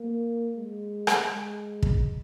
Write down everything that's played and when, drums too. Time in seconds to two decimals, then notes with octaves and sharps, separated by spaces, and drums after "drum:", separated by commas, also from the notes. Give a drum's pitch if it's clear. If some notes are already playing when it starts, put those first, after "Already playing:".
Already playing: A#3
0.56 G#3
1.07 drum: rim click
1.32 G#3
1.82 drum: kick